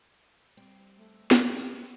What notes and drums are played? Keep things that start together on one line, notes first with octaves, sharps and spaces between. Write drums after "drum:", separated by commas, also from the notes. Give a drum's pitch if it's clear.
G3 C4
A3
C3 F4 C5 F5, drum: snare
B4